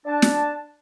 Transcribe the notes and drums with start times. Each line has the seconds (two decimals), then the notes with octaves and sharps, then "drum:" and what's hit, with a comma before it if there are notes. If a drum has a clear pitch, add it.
0.06 D4 A5
0.22 drum: snare